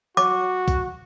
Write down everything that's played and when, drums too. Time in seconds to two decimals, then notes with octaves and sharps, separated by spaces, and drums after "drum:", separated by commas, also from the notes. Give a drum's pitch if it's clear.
0.17 F#4 D6, drum: tambourine
0.68 drum: kick, tambourine